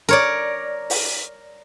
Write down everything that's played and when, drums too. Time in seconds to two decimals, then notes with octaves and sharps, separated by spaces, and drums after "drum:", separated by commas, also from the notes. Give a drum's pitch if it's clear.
0.09 A#4 C#5 D5
0.90 drum: open hi-hat